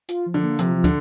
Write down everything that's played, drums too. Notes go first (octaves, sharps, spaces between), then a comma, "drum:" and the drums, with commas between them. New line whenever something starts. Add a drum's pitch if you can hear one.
F4, drum: hi-hat
F3
D3
A#3
C3 F3, drum: hi-hat
F3
D3, drum: kick, hi-hat